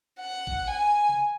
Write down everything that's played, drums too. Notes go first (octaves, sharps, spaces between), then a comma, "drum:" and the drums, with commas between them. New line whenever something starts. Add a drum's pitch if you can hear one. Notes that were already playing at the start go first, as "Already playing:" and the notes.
F#5
drum: kick G#1
G#5
drum: tom C3